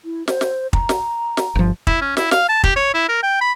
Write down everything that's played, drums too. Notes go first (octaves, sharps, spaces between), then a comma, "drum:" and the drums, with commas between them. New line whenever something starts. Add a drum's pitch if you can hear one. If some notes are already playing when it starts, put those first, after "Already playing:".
E4
C5, drum: snare
drum: snare
A#5, drum: kick
drum: snare
drum: snare
G1 F3
E4, drum: kick
C#4
E4, drum: snare
F5, drum: snare
A5
G4, drum: kick
C#5
E4
A#4
G5
B5